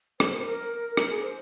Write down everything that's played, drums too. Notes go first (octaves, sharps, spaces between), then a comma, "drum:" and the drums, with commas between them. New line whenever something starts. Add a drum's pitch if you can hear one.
C5, drum: rim click
A#4
C5
A#4
A#4, drum: rim click
G#4
C5